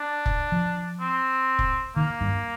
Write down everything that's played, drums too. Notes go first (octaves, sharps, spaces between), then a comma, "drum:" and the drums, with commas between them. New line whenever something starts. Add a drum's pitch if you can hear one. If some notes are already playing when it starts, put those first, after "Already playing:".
Already playing: D4
drum: kick
F3
C4
drum: kick
D#3 A#3
G2